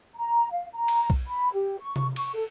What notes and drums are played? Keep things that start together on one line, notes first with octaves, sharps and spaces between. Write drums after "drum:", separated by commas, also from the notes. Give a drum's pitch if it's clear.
A#5
F5
A#5
drum: cymbal
drum: kick B1
B5
G4
C#6
drum: tom C3
C#6, drum: cymbal
A4